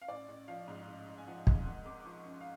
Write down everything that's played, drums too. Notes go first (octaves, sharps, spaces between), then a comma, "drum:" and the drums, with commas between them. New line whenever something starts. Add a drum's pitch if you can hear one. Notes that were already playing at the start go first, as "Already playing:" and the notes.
F5
A1 D5
A1
F3 F5
G#2
A1
A1
G#5
F3 F#5
G#2, drum: kick
G#1 F#5
G#1 D6
D6
F3 C#6
F#2
F5